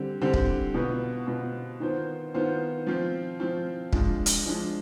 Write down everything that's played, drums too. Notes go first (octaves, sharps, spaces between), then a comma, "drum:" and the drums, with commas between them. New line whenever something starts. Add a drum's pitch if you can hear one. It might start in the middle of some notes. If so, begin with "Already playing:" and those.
Already playing: D3 G3 C4
D3 G3 C4
drum: kick
B2 B3 F4 B4
B2 B3 F4 B4
D#3 B3 F4 C5
D#3 B3 F4 C5
F3 C4 F4
F3 C4 F4
F3 G#3 D4 F4, drum: kick
drum: hi-hat
F3 G#3 D4 F4